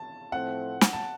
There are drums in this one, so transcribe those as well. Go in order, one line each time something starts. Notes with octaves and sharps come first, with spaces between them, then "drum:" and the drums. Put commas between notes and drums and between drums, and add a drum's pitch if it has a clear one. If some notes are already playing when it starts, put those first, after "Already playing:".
Already playing: A5
A2 F3 A3 C4 F#5
drum: snare
A5